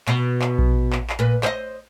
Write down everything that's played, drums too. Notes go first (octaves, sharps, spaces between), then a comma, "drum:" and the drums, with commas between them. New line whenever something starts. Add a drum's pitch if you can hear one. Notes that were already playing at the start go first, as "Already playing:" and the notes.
B2, drum: clap
drum: clap
drum: kick A#1
drum: clap
drum: clap
A#2 B4
C5 D#5, drum: clap